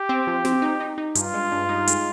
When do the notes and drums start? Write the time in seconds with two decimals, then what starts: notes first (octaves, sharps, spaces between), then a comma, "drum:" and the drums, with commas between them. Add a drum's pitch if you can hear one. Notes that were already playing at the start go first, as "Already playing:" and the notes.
Already playing: G4
0.09 C4
0.27 F3
0.45 C4, drum: snare
0.62 D#4
0.80 D#4
0.98 D#4
1.15 G2 F4, drum: hi-hat
1.34 G#3
1.52 G2
1.69 D#4
1.87 G#3, drum: hi-hat